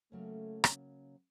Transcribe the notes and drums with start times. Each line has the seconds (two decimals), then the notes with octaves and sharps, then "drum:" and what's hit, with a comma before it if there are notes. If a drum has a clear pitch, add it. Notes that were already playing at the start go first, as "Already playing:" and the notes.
0.12 C#3 F#3 A3 A#3 C#4
0.64 drum: rim click